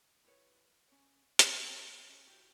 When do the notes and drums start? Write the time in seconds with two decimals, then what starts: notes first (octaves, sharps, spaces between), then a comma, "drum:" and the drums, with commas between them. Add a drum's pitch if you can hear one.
0.24 E4 G4 B4 C#5
0.88 C#4 C#5
1.39 C5, drum: hi-hat
2.09 C#4
2.26 E4 F#4 G4